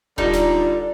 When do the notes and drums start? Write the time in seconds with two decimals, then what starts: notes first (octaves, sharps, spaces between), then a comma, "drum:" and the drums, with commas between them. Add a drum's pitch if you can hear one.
0.18 D3 G3 D#4 F4 D5, drum: kick D#1
0.33 drum: snare